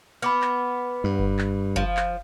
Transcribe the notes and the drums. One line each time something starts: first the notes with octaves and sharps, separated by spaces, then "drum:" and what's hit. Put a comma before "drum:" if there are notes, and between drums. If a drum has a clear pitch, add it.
B3 B5 D6 F6
drum: clap
G2
drum: kick F#1
drum: clap
F3, drum: kick F#1
drum: clap